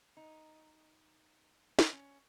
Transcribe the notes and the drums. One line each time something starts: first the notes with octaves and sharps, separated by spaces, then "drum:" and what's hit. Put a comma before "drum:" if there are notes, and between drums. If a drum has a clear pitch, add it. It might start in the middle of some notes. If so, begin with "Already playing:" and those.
D#4
drum: snare
C#4